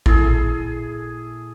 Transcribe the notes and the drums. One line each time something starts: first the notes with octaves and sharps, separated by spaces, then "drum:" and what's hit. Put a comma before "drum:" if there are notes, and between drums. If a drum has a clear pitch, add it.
A#2 E4 G#4 A4, drum: kick A1